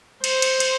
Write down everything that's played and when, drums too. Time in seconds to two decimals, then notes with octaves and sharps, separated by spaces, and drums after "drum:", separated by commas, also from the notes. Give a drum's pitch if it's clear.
0.24 C5, drum: cymbal
0.42 drum: cymbal
0.60 drum: cymbal